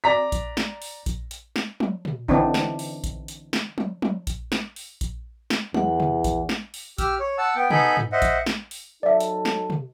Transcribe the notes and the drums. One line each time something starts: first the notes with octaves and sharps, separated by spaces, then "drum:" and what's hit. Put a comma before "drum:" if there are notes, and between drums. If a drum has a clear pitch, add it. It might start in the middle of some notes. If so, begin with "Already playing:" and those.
D5 A#5 B6
drum: kick A#1, hi-hat
drum: snare
drum: open hi-hat
drum: kick A#1, hi-hat
drum: hi-hat
drum: snare
drum: tom
drum: tom
D3 E3 B3 C4 D4 D#4, drum: kick A#1
drum: snare
drum: open hi-hat
drum: kick A#1, hi-hat
drum: hi-hat
drum: snare
drum: tom
drum: tom
drum: kick A#1, hi-hat
drum: snare
drum: open hi-hat
drum: kick A#1, hi-hat
drum: snare
E2 F#5, drum: tom
drum: tom
drum: kick A#1, hi-hat
drum: snare
drum: open hi-hat
G4 E6 F6, drum: kick A#1, hi-hat
C#5
F#5 A5 E6
B3 G5
B3 D#4 A4 G#5 B5 G6, drum: tom
drum: tom
C5 D#5 E5 F#5
drum: kick A#1, hi-hat
drum: snare
drum: open hi-hat
F#3 D#4 A4 D5 E5
drum: hi-hat
drum: snare
drum: tom